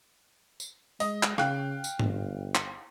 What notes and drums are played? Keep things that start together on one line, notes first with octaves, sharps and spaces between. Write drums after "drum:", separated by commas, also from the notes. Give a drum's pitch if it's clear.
drum: tambourine
G#3 D#5, drum: open hi-hat
drum: clap
C#3 F5 G5 F#6, drum: rim click
drum: tambourine
G1, drum: tom G#2
drum: clap